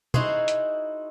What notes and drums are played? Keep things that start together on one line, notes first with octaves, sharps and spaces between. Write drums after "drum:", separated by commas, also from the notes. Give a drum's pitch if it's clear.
D#4 E4 F#4 G#4 C5, drum: tom
drum: hi-hat